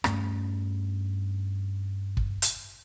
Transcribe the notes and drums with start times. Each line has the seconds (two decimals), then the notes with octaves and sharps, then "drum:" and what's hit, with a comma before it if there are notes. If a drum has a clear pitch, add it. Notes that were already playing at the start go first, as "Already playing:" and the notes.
0.04 G2 A3 C#4, drum: rim click
2.17 drum: kick
2.42 drum: hi-hat